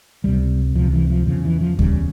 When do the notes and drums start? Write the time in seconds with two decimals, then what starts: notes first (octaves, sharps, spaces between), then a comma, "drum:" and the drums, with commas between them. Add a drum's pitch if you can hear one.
0.24 C#2 C3 G3
0.75 C#2 C3 F3
0.93 E3
1.10 F3
1.27 E2 C#3 F3
1.45 E3
1.61 F3
1.79 E2 C#3 G3, drum: kick D2